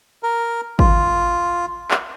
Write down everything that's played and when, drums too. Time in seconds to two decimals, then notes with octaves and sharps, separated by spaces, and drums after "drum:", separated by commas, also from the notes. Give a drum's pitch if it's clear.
0.23 A#4
0.79 F4, drum: kick G#1
1.91 drum: clap